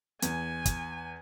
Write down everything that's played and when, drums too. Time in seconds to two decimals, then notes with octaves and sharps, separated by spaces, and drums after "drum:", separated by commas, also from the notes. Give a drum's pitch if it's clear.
0.22 E2 G#5, drum: hi-hat
0.66 drum: kick, hi-hat